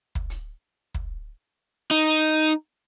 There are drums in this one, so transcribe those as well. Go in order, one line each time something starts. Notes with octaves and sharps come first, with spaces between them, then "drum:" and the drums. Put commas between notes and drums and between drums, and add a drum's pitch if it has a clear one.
drum: kick
drum: hi-hat
drum: kick
D#4, drum: hi-hat